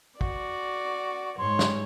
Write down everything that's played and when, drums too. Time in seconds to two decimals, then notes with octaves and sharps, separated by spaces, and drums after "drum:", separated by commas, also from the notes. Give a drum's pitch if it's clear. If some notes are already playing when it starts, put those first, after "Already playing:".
0.21 F#4 D5, drum: kick
1.38 G#2 C#5 C6
1.59 drum: snare